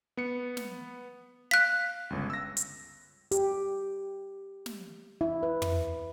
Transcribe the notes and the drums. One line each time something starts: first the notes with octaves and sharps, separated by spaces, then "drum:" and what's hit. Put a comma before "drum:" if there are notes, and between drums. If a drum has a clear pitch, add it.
B3 C#7
drum: snare
F5 F#6 B6
G1 C#2
E6 A#6
drum: hi-hat
G4, drum: hi-hat
drum: snare
E4
B4
drum: tom